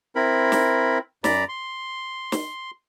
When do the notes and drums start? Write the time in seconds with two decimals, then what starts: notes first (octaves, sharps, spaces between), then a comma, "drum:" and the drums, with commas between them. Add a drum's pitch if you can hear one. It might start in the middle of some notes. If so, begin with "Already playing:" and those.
0.16 C4 E4 A#4 B5
0.52 drum: snare
1.24 F#2 D5 A#5 B5, drum: snare
1.49 C6
2.32 drum: snare